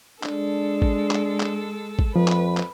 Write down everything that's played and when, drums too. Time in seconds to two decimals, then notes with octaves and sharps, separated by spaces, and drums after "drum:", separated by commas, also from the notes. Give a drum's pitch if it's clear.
0.23 G#3 D4 A4, drum: clap
0.82 drum: kick
1.11 drum: clap
1.40 drum: clap
1.99 drum: kick
2.16 F2 F3 B4
2.28 drum: clap
2.57 drum: clap